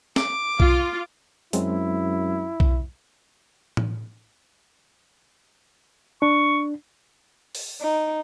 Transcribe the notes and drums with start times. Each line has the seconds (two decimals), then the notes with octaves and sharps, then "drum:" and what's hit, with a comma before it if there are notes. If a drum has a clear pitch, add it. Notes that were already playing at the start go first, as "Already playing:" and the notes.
0.16 D6, drum: snare
0.60 F4, drum: kick B1
1.53 F#2 F#3 G#3 C4 E4, drum: hi-hat
2.60 drum: kick B1
3.77 drum: tom A2
6.22 D4 C#6
7.55 drum: open hi-hat
7.81 D#4